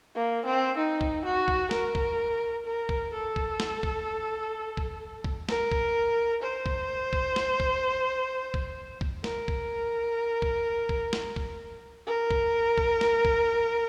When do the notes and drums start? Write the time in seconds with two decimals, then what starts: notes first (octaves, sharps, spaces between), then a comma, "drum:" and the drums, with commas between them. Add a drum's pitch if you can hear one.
0.15 A#3
0.45 C4
0.78 D#4
1.01 drum: kick
1.25 F#4
1.48 drum: kick
1.71 A#4, drum: snare
1.95 drum: kick
2.66 A#4
2.89 drum: kick
3.13 A4
3.36 drum: kick
3.60 drum: snare
3.83 drum: kick
4.77 drum: kick
5.24 drum: kick
5.49 A#4, drum: snare
5.72 drum: kick
6.42 C5
6.66 drum: kick
7.13 drum: kick
7.36 drum: snare
7.60 drum: kick
8.54 drum: kick
9.01 drum: kick
9.24 A#4, drum: snare
9.48 drum: kick
10.42 drum: kick
10.89 drum: kick
11.13 drum: snare
11.36 drum: kick
12.07 A#4
12.31 drum: kick
12.78 drum: kick
13.01 drum: snare
13.25 drum: kick